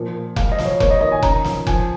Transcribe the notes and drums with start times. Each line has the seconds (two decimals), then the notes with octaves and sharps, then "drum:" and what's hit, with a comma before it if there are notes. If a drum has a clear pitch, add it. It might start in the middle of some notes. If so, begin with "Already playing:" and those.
Already playing: A#2 F3
0.15 A#2
0.36 G#3 F5, drum: kick F1
0.52 D#5
0.58 F3, drum: snare
0.65 C#5
0.80 A#3 C#5, drum: kick F1
0.91 D#5
1.01 D#3 D#5
1.12 G#5
1.23 C#4 A#5, drum: kick F1
1.44 F3, drum: snare
1.67 F3 G#5, drum: kick F1